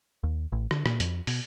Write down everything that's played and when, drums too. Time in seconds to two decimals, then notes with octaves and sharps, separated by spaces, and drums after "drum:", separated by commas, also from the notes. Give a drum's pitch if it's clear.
0.23 D#2
0.52 A1
0.71 D3, drum: rim click
0.86 A#2, drum: rim click
1.00 F2, drum: hi-hat
1.27 B2, drum: open hi-hat